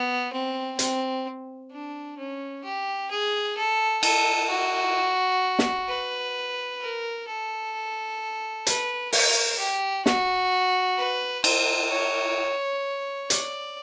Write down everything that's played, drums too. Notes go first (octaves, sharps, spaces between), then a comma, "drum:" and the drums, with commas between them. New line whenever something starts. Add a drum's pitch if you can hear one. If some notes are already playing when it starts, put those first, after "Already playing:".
Already playing: B3
C4
C4, drum: hi-hat
D4
C#4
G4
G#4
A4
A4, drum: cymbal
F#4
drum: snare
B4
A#4
A4
B4, drum: hi-hat
A#4, drum: open hi-hat
G4
F#4, drum: snare
B4
C5, drum: cymbal
C#5
D5, drum: hi-hat